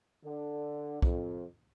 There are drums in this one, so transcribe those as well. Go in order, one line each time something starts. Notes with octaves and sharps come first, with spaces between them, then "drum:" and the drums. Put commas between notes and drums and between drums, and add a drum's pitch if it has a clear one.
D3
F2, drum: kick B1